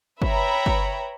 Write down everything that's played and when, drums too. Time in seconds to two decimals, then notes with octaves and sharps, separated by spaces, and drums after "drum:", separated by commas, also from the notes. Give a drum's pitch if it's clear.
0.22 B4 C#5 E5 G5 A#5 B5, drum: kick G1
0.66 drum: kick G1